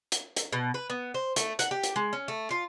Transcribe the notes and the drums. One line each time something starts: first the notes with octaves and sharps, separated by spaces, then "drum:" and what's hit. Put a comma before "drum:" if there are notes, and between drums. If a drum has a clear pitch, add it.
drum: hi-hat
drum: hi-hat
B2
B4
B3
C5
A3, drum: hi-hat
F#5, drum: hi-hat
G4
drum: hi-hat
G#3
C#4
A3
F4